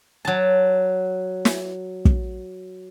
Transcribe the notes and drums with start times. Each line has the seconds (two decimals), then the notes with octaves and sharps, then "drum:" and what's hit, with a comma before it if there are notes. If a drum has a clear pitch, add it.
0.25 F#3 A5
1.45 drum: snare
2.05 drum: kick